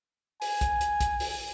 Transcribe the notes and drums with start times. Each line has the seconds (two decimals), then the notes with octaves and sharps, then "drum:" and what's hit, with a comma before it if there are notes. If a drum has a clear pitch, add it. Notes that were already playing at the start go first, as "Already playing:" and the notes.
0.42 G#5, drum: open hi-hat
0.61 drum: kick, hi-hat
0.81 drum: hi-hat
1.00 drum: kick, hi-hat
1.20 drum: open hi-hat